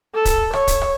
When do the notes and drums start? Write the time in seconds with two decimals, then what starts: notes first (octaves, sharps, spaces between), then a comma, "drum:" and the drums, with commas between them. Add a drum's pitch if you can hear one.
0.15 A4
0.25 drum: kick, hi-hat
0.53 C#5, drum: rim click
0.67 drum: kick, hi-hat
0.82 drum: rim click